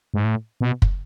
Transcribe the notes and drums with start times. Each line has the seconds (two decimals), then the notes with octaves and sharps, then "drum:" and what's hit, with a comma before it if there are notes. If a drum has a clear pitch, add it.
0.14 G#2
0.24 A2
0.61 B2
0.82 drum: kick